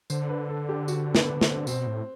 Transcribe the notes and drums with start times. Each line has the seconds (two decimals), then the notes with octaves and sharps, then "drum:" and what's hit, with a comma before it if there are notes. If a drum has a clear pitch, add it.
0.10 D3 C5, drum: tambourine
0.29 B4
0.49 A4
0.69 G4
0.88 F#4, drum: tambourine
1.15 B3, drum: snare
1.41 C4, drum: snare
1.67 B2 C4, drum: tambourine
1.87 A2